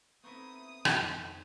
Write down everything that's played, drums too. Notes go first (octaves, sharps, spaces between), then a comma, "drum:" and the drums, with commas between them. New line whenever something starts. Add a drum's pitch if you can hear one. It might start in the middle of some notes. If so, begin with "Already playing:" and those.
A3 B3 C4 D#4 E4 D#6
F2 D#3 F4, drum: rim click